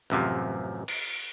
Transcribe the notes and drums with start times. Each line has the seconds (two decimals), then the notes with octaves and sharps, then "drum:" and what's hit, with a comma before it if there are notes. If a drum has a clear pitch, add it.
0.10 A1 F#2 C3 F3
0.88 drum: cymbal